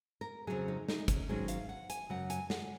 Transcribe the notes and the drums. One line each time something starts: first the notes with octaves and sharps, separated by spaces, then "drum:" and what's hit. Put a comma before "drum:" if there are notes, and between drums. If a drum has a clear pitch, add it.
A#4
F2 C#3 F#3 G#4
D#4
D#4, drum: snare
C#4, drum: kick, hi-hat
G#2 D#3 F#3 C#4 G#4
F5, drum: hi-hat
F#5
G#5, drum: hi-hat
F#2 C#3 F#3 F#5
G#5, drum: hi-hat
F#5, drum: snare